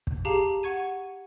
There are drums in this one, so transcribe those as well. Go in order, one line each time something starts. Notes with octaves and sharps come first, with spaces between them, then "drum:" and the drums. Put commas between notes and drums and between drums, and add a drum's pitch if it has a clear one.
drum: kick
G4 G#4 F5 A5 A#5 C7
F#5 C#6 G#6 D#7